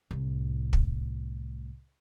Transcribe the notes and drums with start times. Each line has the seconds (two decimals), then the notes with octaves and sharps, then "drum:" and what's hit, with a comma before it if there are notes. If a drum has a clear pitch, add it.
0.11 C2 A2
0.73 drum: kick